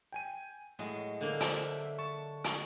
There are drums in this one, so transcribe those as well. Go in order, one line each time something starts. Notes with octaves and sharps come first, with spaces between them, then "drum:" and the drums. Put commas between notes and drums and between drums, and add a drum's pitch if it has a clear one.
G5 G#5 D#7
A2 F#3 G#3
D3 A#3
C5 E5, drum: hi-hat
A5 C#6
drum: hi-hat